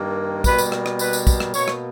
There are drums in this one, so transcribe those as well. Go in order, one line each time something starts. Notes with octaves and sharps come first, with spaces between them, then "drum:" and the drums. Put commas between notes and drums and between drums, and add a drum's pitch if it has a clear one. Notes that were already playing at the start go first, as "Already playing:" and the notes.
Already playing: G2 D#3 A#3
B2 G3 A#3 B4, drum: kick, tambourine
drum: tambourine
drum: rim click
drum: rim click
B4, drum: tambourine
drum: tambourine
drum: kick, tambourine
drum: rim click
B2 A#3 C#5, drum: tambourine
drum: rim click